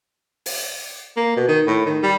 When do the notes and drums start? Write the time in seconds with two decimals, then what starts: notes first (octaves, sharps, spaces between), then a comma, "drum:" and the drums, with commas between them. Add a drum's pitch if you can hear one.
0.46 drum: open hi-hat
1.17 A#3
1.37 B2
1.48 D#3
1.67 A2
1.86 D#3
2.03 G3